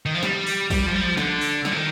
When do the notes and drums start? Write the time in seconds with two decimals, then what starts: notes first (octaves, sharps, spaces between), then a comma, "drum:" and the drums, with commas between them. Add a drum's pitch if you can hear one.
0.06 D#3
0.15 F3
0.23 G3, drum: snare
0.47 drum: open hi-hat
0.70 G3, drum: kick, open hi-hat
0.87 F3
0.95 G3
1.01 F3
1.17 D3, drum: snare
1.41 drum: open hi-hat
1.65 D3, drum: snare
1.72 F3
1.76 D#3